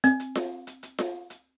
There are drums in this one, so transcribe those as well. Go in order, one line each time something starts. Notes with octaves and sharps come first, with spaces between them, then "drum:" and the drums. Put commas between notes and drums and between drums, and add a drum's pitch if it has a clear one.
C4, drum: hi-hat
drum: hi-hat
drum: snare F4
drum: hi-hat
drum: hi-hat
drum: snare F4
drum: hi-hat